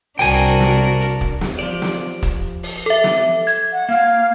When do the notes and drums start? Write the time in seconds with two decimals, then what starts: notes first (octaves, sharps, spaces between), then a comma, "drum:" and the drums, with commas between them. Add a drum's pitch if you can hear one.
0.19 C2 D4 F#4 A#4 G5 G#5, drum: open hi-hat
0.60 drum: snare
1.01 drum: hi-hat
1.21 drum: kick
1.41 drum: snare
1.59 F3 G4 D5
1.82 drum: snare
2.23 drum: kick, hi-hat
2.63 drum: open hi-hat
2.86 A4 E5
3.04 drum: snare
3.47 G#6, drum: hi-hat
3.73 F#5
3.89 A#3 F5